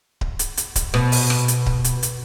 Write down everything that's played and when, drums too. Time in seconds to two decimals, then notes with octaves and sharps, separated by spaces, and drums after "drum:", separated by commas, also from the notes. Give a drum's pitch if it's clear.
0.21 drum: kick D1
0.39 drum: hi-hat
0.57 drum: hi-hat
0.76 drum: kick D1, hi-hat
0.94 B2, drum: rim click
1.12 drum: open hi-hat
1.30 drum: rim click
1.48 drum: hi-hat
1.66 drum: kick D1
1.84 drum: hi-hat
2.03 drum: hi-hat